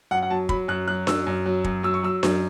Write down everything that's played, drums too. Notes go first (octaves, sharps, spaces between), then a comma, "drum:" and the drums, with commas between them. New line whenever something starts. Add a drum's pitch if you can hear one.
F#2 F#5
F#5
F#3 A5
F#3 B5, drum: kick
F#2 F#6
F#3 F#6
F#2 E6, drum: snare D4
F#2
F#3
F#2, drum: kick
F#3 E6
C#6
F#3 E6
F#2, drum: snare D4